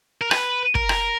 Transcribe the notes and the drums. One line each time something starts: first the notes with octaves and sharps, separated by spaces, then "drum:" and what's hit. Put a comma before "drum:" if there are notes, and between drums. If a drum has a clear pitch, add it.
A#4
B4, drum: rim click
A#4, drum: kick
drum: rim click